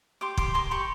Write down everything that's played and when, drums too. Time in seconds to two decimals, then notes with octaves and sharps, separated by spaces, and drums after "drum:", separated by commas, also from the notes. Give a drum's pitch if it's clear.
0.21 G4 C6 D6
0.37 G4 C6 D6, drum: kick
0.54 A#4 C6 D6
0.71 G4 B5 C#6